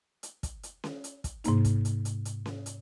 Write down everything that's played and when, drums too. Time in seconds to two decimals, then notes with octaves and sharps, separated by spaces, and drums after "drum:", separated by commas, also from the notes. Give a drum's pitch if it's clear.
0.23 drum: hi-hat
0.43 drum: kick, hi-hat
0.63 drum: hi-hat
0.84 drum: snare C#4
1.04 drum: hi-hat
1.24 drum: kick, hi-hat
1.44 G#2 C3 A#3 D#4, drum: hi-hat
1.65 drum: kick, hi-hat
1.85 drum: hi-hat
2.05 drum: hi-hat
2.25 drum: hi-hat
2.46 drum: snare C#4
2.66 drum: hi-hat